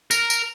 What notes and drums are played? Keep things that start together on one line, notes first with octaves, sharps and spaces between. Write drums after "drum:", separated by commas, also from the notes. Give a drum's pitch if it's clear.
A#4, drum: tambourine
drum: tambourine